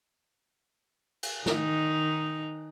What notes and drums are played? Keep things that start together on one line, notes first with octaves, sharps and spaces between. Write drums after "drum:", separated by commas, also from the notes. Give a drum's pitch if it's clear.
drum: cymbal
D#3 D#4, drum: snare